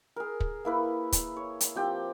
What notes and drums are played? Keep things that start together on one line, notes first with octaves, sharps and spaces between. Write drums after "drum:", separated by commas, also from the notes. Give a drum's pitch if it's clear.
G#4 A#4
drum: kick
A#3 E4 B4
drum: kick, hi-hat
C#5
drum: hi-hat
F3 C4 G4 G5